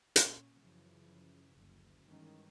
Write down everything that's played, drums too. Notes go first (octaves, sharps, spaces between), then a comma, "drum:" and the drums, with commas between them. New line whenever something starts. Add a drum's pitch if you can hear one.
A#2 C#4, drum: hi-hat
F#2 C#3 E3 F3
F#1 D2
G2 D#3 E3 G#3 C#4